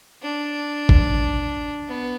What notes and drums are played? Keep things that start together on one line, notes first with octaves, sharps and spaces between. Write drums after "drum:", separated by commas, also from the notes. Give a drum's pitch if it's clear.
D4
drum: kick
B3